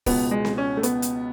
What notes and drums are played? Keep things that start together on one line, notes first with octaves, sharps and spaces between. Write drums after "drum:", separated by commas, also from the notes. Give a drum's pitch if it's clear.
C#2 B2 B3, drum: kick, open hi-hat
G#3
drum: snare C4
C#4
A3
B3, drum: hi-hat
drum: hi-hat